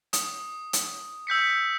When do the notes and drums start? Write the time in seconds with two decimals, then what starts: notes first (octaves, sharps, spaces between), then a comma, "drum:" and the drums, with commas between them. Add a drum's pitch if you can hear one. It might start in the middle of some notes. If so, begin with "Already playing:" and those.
0.13 D#6, drum: hi-hat
0.73 drum: hi-hat
1.27 E6 G6 B6 C#7